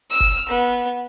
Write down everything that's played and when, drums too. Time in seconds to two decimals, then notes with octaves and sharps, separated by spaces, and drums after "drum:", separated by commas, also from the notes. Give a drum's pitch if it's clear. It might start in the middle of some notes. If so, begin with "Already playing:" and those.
0.10 E6 F6
0.20 drum: kick F#1
0.49 B3